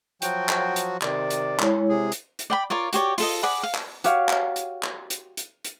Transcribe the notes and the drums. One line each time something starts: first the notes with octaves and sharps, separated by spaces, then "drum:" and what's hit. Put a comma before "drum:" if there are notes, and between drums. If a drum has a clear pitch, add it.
F3 F#3 F#4 G5, drum: hi-hat
drum: clap
drum: hi-hat
C3 D#3 D5, drum: clap
drum: hi-hat
G#3 E4 C#5, drum: clap
C3 G#4
drum: hi-hat
drum: hi-hat
D5 G5 B5
F4 A#4 C#5 D5
F#4 G4 C#5 D5, drum: hi-hat
F4 A4 D#5, drum: open hi-hat
G#4 D5 F#5 B5
F5
drum: clap
F#4 G4 C#5 F5, drum: hi-hat
drum: clap
drum: hi-hat
drum: clap
drum: hi-hat
drum: hi-hat
drum: hi-hat